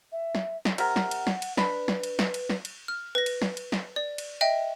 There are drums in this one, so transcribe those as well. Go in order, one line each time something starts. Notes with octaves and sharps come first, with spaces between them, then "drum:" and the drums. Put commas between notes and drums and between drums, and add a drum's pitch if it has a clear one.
E5
drum: snare
drum: snare
C3 A#4 F#5, drum: cymbal
drum: snare
drum: cymbal
drum: snare
drum: cymbal
D4 B4 B5, drum: snare
drum: snare
drum: cymbal
drum: snare
drum: cymbal
drum: snare
drum: cymbal
F6
B4 A#6
drum: cymbal
drum: snare
drum: cymbal
drum: snare
D5
drum: cymbal
D#5 E5 G5